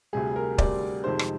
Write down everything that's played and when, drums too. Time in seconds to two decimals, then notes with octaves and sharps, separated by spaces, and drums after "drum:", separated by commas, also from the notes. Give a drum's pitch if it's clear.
0.13 D2 C3 G3 G#4
0.36 A#4
0.58 D2 C3 G3 D5, drum: kick
1.04 F2 C3 D#3 G#3 C5
1.19 drum: rim click